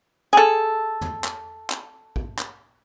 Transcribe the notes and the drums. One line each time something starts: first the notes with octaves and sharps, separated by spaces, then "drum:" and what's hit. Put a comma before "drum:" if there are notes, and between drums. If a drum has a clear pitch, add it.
G#4 A4
drum: tom
drum: clap
drum: clap
drum: kick
drum: clap